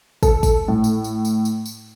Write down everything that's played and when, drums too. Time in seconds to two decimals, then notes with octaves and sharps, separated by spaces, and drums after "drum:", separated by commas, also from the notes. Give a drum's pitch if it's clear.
0.23 A4, drum: kick, tambourine
0.43 drum: kick, tambourine
0.68 A2
0.84 drum: tambourine
1.04 drum: tambourine
1.25 drum: tambourine
1.45 drum: tambourine
1.66 drum: tambourine